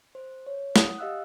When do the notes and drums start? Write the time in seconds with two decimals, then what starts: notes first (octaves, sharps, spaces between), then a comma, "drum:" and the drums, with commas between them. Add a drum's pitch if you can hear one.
0.15 C5
0.47 C#5
0.76 F#5 D#6, drum: snare
0.98 G4 D#5 F5 E6 F#6